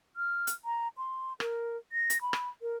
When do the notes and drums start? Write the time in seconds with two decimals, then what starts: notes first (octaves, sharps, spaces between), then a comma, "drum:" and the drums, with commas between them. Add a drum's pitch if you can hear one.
0.16 F6
0.47 drum: hi-hat
0.65 A#5
0.97 C6
1.40 A#4, drum: rim click
1.92 A#6
2.10 drum: hi-hat
2.21 B5
2.33 drum: rim click
2.62 A#4